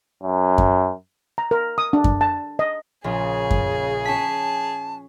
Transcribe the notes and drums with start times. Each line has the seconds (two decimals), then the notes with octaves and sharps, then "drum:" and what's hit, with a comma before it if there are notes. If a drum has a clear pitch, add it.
0.23 F#2
0.58 drum: kick F#2
1.38 A#5
1.51 A#4
1.78 D#6
1.93 D4
2.04 drum: kick F#2
2.21 A5
2.59 D#5
3.04 A#1 C#3 F4 G#4
3.51 drum: kick F#2
4.05 C#4 A5 B6